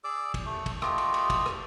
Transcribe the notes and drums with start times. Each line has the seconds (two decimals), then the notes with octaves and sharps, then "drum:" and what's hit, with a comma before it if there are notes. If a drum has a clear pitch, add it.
0.04 G#4 D5 D6 E6
0.34 drum: kick, cymbal
0.45 A3
0.66 drum: kick, cymbal
0.82 A3 F4 G4 D#5, drum: rim click
0.98 drum: cymbal
1.14 drum: cymbal
1.30 drum: kick, cymbal
1.46 drum: rim click